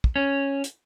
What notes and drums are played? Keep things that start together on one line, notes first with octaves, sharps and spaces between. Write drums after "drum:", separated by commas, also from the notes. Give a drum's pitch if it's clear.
drum: kick
C#4
drum: hi-hat